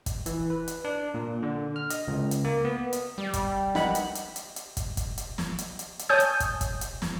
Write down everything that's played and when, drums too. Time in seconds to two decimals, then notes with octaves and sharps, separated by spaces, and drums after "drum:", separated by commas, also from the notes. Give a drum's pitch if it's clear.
0.06 drum: kick, hi-hat
0.26 E3, drum: hi-hat
0.50 B4
0.68 drum: hi-hat
0.85 D4
1.14 A#2
1.43 D3
1.76 F6
1.90 D#5, drum: hi-hat
2.08 C#2
2.31 drum: hi-hat
2.45 A#3
2.65 B3
2.93 drum: hi-hat
3.18 G3
3.33 drum: kick, hi-hat
3.75 D#4 F#5 B5, drum: snare
3.95 drum: hi-hat
4.15 drum: hi-hat
4.36 drum: hi-hat
4.56 drum: hi-hat
4.77 drum: kick, hi-hat
4.97 drum: kick, hi-hat
5.18 drum: hi-hat
5.38 drum: snare
5.58 drum: hi-hat
5.79 drum: hi-hat
5.99 drum: hi-hat
6.09 C#5 G#5 A5 D#6 G6
6.20 drum: hi-hat
6.40 drum: kick, hi-hat
6.61 drum: kick, hi-hat
6.81 drum: hi-hat
7.02 drum: snare